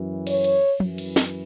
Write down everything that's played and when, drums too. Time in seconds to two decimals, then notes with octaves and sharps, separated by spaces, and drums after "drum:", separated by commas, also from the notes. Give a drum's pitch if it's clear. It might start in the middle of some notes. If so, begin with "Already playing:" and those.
Already playing: F#2 E3
0.27 C#5, drum: cymbal
0.44 drum: cymbal
0.80 F#2 E3, drum: tom F3
0.98 drum: cymbal
1.16 drum: snare